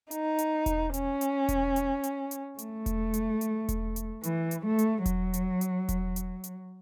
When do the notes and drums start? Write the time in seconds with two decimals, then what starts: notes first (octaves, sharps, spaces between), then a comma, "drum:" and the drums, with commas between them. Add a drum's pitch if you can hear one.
0.11 D#4, drum: hi-hat
0.38 drum: hi-hat
0.66 drum: kick E1, hi-hat
0.94 C#4, drum: hi-hat
1.21 drum: hi-hat
1.49 drum: kick E1, hi-hat
1.76 drum: hi-hat
2.04 drum: hi-hat
2.31 drum: hi-hat
2.59 A3, drum: hi-hat
2.86 drum: kick E1, hi-hat
3.14 drum: hi-hat
3.41 drum: hi-hat
3.69 drum: kick E1, hi-hat
3.96 drum: hi-hat
4.23 E3, drum: hi-hat
4.51 drum: hi-hat
4.65 A3
4.79 drum: hi-hat
5.06 F#3, drum: kick E1, hi-hat
5.34 drum: hi-hat
5.61 drum: hi-hat
5.89 drum: kick E1, hi-hat
6.16 drum: hi-hat
6.44 drum: hi-hat